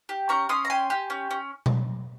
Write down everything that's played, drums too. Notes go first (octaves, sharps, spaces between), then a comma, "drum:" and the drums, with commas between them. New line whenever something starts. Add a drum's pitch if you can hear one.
G4
C#4 A#5 C#6
C#4 C6 D#6
A#5
G4 G#5 C6
G4
C#4
C#4
drum: tom B2